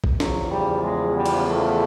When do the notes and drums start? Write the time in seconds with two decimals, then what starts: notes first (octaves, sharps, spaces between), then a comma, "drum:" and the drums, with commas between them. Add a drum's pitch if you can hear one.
0.04 drum: kick
0.20 E2 C#3 F3 F#3, drum: snare
0.51 G3
0.84 G#3
1.16 G3
1.26 drum: cymbal
1.48 A3